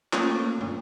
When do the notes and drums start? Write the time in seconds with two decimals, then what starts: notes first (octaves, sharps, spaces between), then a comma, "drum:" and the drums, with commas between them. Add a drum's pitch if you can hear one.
0.13 A3 A#3 C#4 F4, drum: clap
0.60 drum: tom